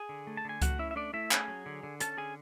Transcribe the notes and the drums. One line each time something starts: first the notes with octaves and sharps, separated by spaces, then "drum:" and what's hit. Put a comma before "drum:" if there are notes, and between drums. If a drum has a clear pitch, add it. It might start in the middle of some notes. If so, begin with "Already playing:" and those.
Already playing: G#4 G#5
D3
A3
A5
D3 G#5
A3 F#4 F#5, drum: kick C#2, hi-hat
C#4 E4 E5
E5
A3 D4 D5
A3 E4 E5
C#4 G#4 G#5, drum: clap
F#3
D3
D3
C#4 A4 A5, drum: hi-hat
D3 G#4 G#5